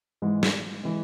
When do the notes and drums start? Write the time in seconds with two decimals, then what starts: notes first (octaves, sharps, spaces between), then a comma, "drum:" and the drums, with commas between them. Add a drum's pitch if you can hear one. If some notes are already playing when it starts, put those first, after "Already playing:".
0.22 G#2 E3 G#3
0.43 drum: snare
0.83 E3 G#3